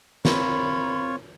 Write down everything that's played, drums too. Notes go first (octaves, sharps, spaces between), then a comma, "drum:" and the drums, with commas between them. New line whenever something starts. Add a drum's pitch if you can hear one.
C4 F4 A#4 C#5 F5 B5, drum: snare